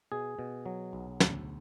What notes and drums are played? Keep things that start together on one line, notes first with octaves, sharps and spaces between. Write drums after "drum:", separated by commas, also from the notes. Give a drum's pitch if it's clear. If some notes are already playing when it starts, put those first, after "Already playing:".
B2 G#4
B2
F#3
B1
D2, drum: snare